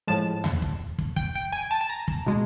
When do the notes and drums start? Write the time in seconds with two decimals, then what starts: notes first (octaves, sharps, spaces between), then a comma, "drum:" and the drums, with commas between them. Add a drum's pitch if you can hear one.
0.08 A2 F3 G#3 A5
0.44 drum: tom D#2
0.62 drum: kick
0.98 drum: kick
1.16 G5, drum: kick
1.35 G5
1.52 G#5
1.71 A5
1.81 A5
1.89 A#5
2.08 drum: kick
2.26 B2 G#3